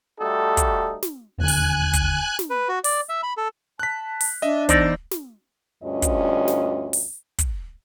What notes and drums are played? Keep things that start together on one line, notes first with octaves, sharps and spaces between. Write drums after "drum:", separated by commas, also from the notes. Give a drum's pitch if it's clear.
G3 A3 D#4 F#4 A4
drum: kick, hi-hat
drum: snare
E1 D#2 D3 G#5 F#6
drum: open hi-hat
drum: kick, hi-hat
drum: snare
B4
F#4
D5, drum: open hi-hat
E5
B5
A4
A5 F#6 B6
drum: open hi-hat
D4 D#5 E5
E2 D#4 C5 D5 E6, drum: kick, hi-hat
drum: snare
D2 G2 C#4 F4 D#5
drum: kick, hi-hat
drum: snare
drum: open hi-hat
drum: kick, hi-hat